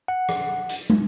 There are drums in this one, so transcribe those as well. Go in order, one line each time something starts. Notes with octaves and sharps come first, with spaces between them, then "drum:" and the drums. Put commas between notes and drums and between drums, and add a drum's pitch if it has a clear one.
F#5
drum: rim click
drum: hi-hat
drum: tom